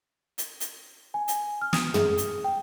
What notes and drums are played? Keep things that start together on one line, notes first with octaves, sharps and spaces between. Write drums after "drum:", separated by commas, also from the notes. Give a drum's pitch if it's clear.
drum: hi-hat
drum: hi-hat
G#5
drum: hi-hat
F6
D#6, drum: snare
G#4, drum: tom
drum: hi-hat
G5